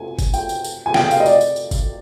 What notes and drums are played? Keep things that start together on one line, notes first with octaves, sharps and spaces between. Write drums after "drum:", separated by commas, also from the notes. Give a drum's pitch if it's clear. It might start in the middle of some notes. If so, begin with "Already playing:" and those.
Already playing: G#5
drum: kick, tambourine
G5, drum: tambourine
drum: tambourine
drum: tambourine
G#5
G5, drum: snare
F5, drum: tambourine
D#5
D5, drum: tambourine
drum: tambourine
drum: tambourine
drum: kick, tambourine